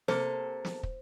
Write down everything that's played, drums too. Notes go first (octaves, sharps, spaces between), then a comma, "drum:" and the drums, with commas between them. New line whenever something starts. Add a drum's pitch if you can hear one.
C3 A#3 A4 C5, drum: snare
drum: snare
drum: kick